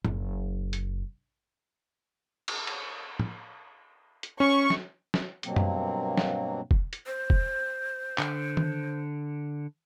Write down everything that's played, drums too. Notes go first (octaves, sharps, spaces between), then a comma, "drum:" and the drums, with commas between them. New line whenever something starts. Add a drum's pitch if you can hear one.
F#1, drum: tom A2
drum: hi-hat
drum: cymbal
drum: cymbal
drum: tom A2
drum: hi-hat
C#4 C#6
drum: snare
drum: snare
G2 B2 F#3 A#3 C4, drum: hi-hat
drum: tom F#2
drum: snare
drum: kick
drum: hi-hat
C5
drum: kick
D3, drum: clap
drum: tom D#3